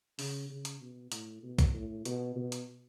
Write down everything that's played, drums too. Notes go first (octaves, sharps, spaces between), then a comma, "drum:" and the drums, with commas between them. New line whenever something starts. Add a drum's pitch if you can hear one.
C#3, drum: open hi-hat
C#3
drum: hi-hat
B2
A2, drum: hi-hat
B2
drum: kick, hi-hat
A2
B2, drum: hi-hat
B2
drum: hi-hat